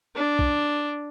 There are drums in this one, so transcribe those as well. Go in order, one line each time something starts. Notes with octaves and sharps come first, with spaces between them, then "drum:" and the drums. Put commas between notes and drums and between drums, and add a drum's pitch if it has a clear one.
D4
drum: kick B1